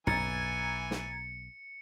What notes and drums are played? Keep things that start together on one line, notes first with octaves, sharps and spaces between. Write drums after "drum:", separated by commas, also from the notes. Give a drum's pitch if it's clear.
B1 E3 G#5 A#5 G#6 A6 C#7, drum: tom
drum: snare